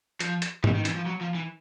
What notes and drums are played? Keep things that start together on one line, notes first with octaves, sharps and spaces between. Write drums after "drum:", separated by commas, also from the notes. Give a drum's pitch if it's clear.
F3, drum: hi-hat
drum: hi-hat
E3, drum: tom
D#3
E3, drum: hi-hat
F3
F#3
F3
E3